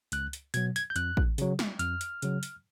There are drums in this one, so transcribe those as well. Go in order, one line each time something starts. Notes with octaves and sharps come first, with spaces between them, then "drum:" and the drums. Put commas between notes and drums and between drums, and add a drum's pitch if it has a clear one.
C#2 F#6, drum: hi-hat
drum: hi-hat
B2 F#3 G#6, drum: hi-hat
G#6, drum: hi-hat
G6
F2 F#6, drum: hi-hat
drum: kick
C#3 F#3, drum: hi-hat
drum: snare
F2 F6, drum: hi-hat
drum: hi-hat
C#3 F#3, drum: hi-hat
drum: hi-hat